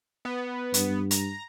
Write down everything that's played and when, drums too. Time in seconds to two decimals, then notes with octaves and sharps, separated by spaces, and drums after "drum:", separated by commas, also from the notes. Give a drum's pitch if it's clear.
0.25 B3
0.74 G2, drum: hi-hat
1.11 A#5, drum: hi-hat